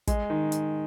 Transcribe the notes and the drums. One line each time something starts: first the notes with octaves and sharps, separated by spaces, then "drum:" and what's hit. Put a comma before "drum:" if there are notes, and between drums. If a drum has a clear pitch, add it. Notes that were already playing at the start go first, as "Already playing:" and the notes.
G#3, drum: kick, hi-hat
D#3
drum: hi-hat